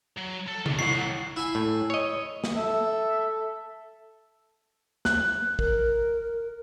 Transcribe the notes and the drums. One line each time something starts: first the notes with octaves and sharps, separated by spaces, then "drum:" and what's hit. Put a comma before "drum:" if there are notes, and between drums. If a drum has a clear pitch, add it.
F#3
A4
E2, drum: tom C3
C2 A2 D#3 F#5 C#6 C7
E4 G#5
A2
C#5 D#5
drum: snare
A4 E5
F#6, drum: snare
A#4, drum: kick